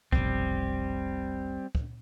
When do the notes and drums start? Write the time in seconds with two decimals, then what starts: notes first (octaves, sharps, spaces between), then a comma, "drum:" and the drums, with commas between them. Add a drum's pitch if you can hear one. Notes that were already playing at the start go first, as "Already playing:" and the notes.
0.12 F1 B1 G3 C4, drum: kick
1.75 drum: kick